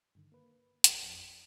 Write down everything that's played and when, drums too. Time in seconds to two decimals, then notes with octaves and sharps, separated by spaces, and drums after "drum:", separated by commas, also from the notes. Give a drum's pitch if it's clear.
0.15 G2 D3 D#3
0.32 A#3 B4
0.84 A1 F2, drum: hi-hat